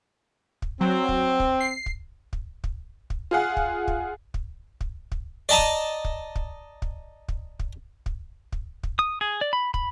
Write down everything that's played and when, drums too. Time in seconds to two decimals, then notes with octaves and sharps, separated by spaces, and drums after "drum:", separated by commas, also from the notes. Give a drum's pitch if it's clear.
0.62 drum: kick
0.81 F#3 C4
1.09 drum: kick
1.40 drum: kick
1.60 C7
1.86 drum: kick
2.33 drum: kick
2.64 drum: kick
3.10 drum: kick
3.31 F4 G#4 F#5
3.57 drum: kick
3.88 drum: kick
4.34 drum: kick
4.81 drum: kick
5.12 drum: kick
5.49 D5 D#5 A5 A#5 D#6
5.58 drum: kick
6.05 drum: kick
6.36 drum: kick
6.82 drum: kick
7.28 drum: kick
7.59 drum: kick
8.06 drum: kick
8.52 drum: kick
8.83 drum: kick
8.99 D#6
9.21 G#4
9.41 D5
9.53 B5
9.74 B5, drum: kick